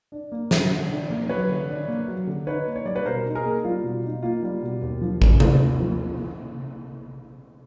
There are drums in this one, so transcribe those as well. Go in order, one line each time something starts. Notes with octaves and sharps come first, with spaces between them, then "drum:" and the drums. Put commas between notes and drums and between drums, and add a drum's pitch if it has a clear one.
D4
A#3
F#3, drum: snare
D3
D4
A#3
F#3 B4 C#5
D3
D4
A#3
F#3
D3
D#4 B4 C#5
A#3
C#5
G3 D5
B4 C#5
B2 A#4 C5
D#4
G#4 A#4
A#3
G3 F4
B2
D#4
A#3 F4
G3
B2
D#2
F3
C#3, drum: kick
D#2, drum: tom C3
D#2
F3